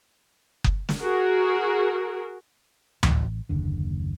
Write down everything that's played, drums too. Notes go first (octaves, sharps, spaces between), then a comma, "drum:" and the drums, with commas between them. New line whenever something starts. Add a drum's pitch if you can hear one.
drum: kick F#1
drum: snare
F#4 G#4 A#4
A1, drum: tom D2
F#1 D#2 D3